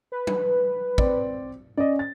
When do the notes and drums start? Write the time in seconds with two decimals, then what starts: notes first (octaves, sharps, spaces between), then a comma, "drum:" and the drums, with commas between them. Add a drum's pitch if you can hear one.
0.12 B4
0.27 drum: tom F#3
0.98 C4 D5, drum: kick
1.77 C#4 D5 D#5
1.99 A6